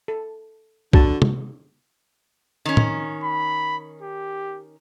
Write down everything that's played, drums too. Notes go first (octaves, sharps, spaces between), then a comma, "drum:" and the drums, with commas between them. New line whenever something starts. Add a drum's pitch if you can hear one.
A4
D3 F#4 A5, drum: kick
drum: tom
D#3 C#4
drum: tom
B5
G4